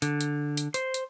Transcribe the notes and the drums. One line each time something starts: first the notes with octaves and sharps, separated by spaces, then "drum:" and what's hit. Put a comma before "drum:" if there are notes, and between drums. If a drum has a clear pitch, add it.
D3, drum: hi-hat
drum: hi-hat
drum: hi-hat
C5, drum: hi-hat
drum: hi-hat